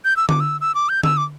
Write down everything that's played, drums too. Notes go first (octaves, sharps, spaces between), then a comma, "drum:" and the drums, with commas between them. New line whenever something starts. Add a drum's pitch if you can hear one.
G6
E6
D6, drum: tom D3
E6
E6
D6
G6
E6, drum: tom D3
D6